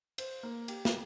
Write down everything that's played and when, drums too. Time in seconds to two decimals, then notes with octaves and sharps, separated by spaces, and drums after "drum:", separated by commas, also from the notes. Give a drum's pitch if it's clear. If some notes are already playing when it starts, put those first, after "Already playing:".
0.18 C5, drum: cymbal
0.43 A#3
0.68 G4, drum: cymbal
0.85 drum: snare